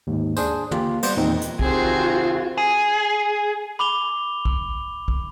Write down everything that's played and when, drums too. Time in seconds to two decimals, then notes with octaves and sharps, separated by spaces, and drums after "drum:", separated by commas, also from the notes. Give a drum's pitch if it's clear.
0.07 D#2 G#2
0.37 D4 G#4 C5, drum: tambourine
0.71 A#3 F4 G4, drum: tom
1.03 G3 B3 C5 D5, drum: cymbal
1.17 E2 A#2 D#3 C4 D#4
1.42 drum: hi-hat
1.59 C3 D#3 C4 F4 F#4 G#4 C5, drum: kick A#1
2.58 G#4
3.79 B5 D6 F7 G7
4.45 drum: kick A#1
5.08 drum: kick A#1